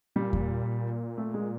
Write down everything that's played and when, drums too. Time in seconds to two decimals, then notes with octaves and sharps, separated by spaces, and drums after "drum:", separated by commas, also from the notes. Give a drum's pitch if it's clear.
0.16 A#2 G3
0.33 drum: kick E2
1.17 A3
1.34 G#3